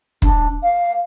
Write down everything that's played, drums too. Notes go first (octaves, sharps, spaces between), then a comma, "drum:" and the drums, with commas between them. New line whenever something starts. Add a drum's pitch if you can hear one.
D4, drum: kick
F5